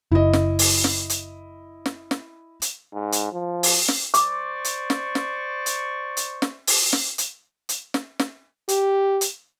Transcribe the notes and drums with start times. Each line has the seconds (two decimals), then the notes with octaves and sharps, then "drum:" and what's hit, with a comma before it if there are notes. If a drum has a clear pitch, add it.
0.12 F#1 E4 D#5
0.33 drum: snare
0.59 drum: open hi-hat
0.84 drum: snare
1.09 drum: hi-hat
1.86 drum: snare
2.11 drum: snare
2.62 drum: hi-hat
2.93 G#2
3.12 drum: hi-hat
3.33 F3
3.63 drum: open hi-hat
3.88 drum: snare
4.14 C5 D5 C#6 D6, drum: hi-hat
4.64 drum: hi-hat
4.90 drum: snare
5.15 drum: snare
5.66 drum: hi-hat
6.17 drum: hi-hat
6.42 drum: snare
6.67 drum: open hi-hat
6.93 drum: snare
7.18 drum: hi-hat
7.69 drum: hi-hat
7.94 drum: snare
8.19 drum: snare
8.68 G4, drum: hi-hat
9.21 drum: hi-hat